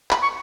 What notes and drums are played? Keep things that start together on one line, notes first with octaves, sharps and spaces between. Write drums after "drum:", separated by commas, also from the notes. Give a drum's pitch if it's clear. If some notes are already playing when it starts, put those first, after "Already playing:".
B5, drum: clap
C#6